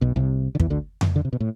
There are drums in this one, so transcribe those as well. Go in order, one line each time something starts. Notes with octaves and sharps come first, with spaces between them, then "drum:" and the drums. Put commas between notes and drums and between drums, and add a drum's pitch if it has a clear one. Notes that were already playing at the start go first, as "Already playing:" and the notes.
B1 B2
C2 C3
D3
E2 E3, drum: kick
D2 D3
drum: tom F2
D3
C3
B2
A2